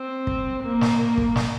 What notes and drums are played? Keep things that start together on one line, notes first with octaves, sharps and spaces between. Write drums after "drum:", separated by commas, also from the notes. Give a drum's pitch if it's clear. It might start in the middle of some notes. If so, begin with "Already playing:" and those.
Already playing: C4
drum: kick
A#3
drum: snare
drum: kick
drum: snare